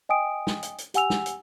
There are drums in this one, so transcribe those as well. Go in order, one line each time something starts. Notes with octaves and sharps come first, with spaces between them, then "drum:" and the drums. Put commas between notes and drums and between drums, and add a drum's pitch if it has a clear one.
D#5 G5 G#5 D#6 D7
drum: snare
drum: hi-hat
drum: hi-hat
G4 F#5 G#5 E6 F7, drum: hi-hat
drum: snare
drum: hi-hat